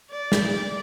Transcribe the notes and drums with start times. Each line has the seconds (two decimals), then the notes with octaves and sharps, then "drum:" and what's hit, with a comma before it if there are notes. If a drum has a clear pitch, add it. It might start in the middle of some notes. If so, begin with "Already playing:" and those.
0.10 D5
0.32 drum: snare